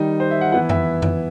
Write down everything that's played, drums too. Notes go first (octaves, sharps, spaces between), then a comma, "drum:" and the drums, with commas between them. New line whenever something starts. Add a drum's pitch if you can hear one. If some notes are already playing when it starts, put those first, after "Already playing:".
Already playing: D#3 G3 D#4
C5
E5
F#5
E3 B3 E4 F#5
E5, drum: tom F2
drum: tom F2